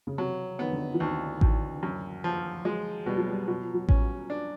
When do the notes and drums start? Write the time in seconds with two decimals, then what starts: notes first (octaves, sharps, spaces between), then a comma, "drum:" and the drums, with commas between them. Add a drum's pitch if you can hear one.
0.07 C#3
0.18 C3 F#3
0.59 D#3 B3
0.73 D3
0.94 E3
1.00 D2 D#3
1.41 D2, drum: kick A1
1.83 F#2
2.24 F3
2.65 F#3 G#3
3.06 B2 G3
3.17 F#3
3.28 G3
3.48 B2 F#3
3.61 F3
3.74 F#3
3.89 C#4, drum: kick A1
4.30 D4